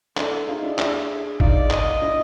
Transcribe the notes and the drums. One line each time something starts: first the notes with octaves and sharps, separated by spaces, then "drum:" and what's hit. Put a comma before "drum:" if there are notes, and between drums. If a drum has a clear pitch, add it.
D4 E4 A4, drum: clap
D#4 F4 G#4
D4 E4
D4 E4, drum: clap
D#4 F4 D5, drum: kick
D#5, drum: clap
D4 E4